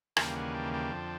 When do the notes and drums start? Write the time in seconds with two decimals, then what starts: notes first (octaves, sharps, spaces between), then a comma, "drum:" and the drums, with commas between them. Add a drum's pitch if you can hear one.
0.17 D#2 C#3 E3 G3 A#3 F5 G5, drum: rim click
0.35 F#5 G#5
0.54 G5 A5
0.73 G5 A5
0.92 F2 D3 F3